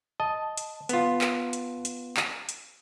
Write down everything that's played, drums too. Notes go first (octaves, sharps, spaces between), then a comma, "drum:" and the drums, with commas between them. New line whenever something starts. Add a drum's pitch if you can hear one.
D#5 A5
drum: hi-hat
B3 F4, drum: hi-hat
drum: clap
drum: hi-hat
drum: hi-hat
drum: clap
drum: hi-hat